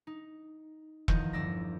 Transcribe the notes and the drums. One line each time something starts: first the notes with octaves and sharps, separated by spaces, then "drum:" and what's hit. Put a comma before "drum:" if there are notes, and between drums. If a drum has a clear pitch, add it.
D#4
E2 D#3 F3 D#5 G6, drum: kick E1
G1 D5 E6 A#6